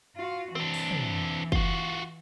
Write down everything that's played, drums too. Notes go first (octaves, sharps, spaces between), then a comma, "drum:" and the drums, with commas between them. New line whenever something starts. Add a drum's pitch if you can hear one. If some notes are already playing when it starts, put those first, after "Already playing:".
F4 F#4
E3 C4 D4, drum: rim click
drum: open hi-hat
drum: tom
F4 F#4, drum: kick